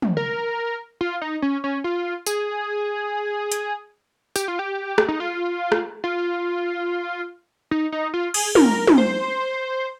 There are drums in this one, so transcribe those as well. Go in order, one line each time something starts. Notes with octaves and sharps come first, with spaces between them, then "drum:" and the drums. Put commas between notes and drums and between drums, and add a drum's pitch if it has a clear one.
drum: tom
A#4
F4
D#4
C#4
C#4
F4
G#4, drum: tambourine
drum: hi-hat
G4, drum: tambourine
F4
G4
drum: rim click
D#4
F4
drum: rim click
F4
D#4
D#4
F4
G#4, drum: cymbal
A#4, drum: tom
drum: tom
C5